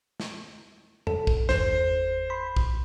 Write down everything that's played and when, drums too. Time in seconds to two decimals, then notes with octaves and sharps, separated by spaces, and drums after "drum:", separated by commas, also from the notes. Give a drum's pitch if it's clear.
0.20 drum: snare
1.07 A4, drum: tom E2
1.27 drum: kick A#1
1.49 G1 E2 C5, drum: snare
2.30 B5 C6
2.56 drum: kick A#1